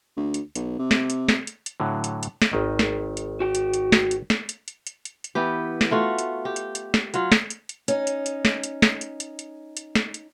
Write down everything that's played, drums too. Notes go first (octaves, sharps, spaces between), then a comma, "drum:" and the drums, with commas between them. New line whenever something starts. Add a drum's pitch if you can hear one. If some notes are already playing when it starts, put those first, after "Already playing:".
D2
drum: hi-hat
B1, drum: hi-hat
C3
drum: snare
drum: hi-hat
drum: snare
drum: hi-hat
drum: hi-hat
A2 D3 F#3
drum: hi-hat
drum: hi-hat
drum: snare
G#1 D#3 D#5
drum: snare
drum: hi-hat
F#4 G5
drum: hi-hat
drum: hi-hat
drum: snare
drum: hi-hat
drum: snare
drum: hi-hat
drum: hi-hat
drum: hi-hat
drum: hi-hat
drum: hi-hat
E3 B3 G4
drum: snare
A3 F4 F#4
drum: hi-hat
G4
drum: hi-hat
drum: hi-hat
drum: snare
F#3 F4, drum: hi-hat
drum: snare
drum: hi-hat
drum: hi-hat
C#4 D#4, drum: hi-hat
drum: hi-hat
drum: hi-hat
drum: snare
drum: hi-hat
drum: snare
drum: hi-hat
drum: hi-hat
drum: hi-hat
drum: hi-hat
drum: snare
drum: hi-hat